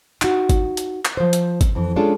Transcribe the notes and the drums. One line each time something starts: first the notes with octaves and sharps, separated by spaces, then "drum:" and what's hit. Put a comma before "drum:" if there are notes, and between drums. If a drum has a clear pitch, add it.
D#4 F#4, drum: clap
drum: kick, hi-hat
drum: hi-hat
drum: clap
F3 C5
drum: hi-hat
drum: kick, hi-hat
F2 E3
G#3 C#4 D4 F4 G#4 A4